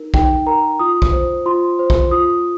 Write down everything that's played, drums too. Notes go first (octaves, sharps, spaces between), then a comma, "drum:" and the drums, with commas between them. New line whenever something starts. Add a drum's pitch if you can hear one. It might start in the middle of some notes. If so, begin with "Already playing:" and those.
Already playing: D#4 A#4
D#4 G5, drum: kick
A#4 A#5
F4 D#6
drum: kick
C5
F4 C6
C5
drum: kick
F4 D#6